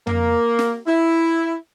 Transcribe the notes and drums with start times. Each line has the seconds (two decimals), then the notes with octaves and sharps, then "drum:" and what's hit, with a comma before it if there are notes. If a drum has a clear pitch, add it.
0.07 A#3, drum: tom
0.59 drum: snare
0.87 E4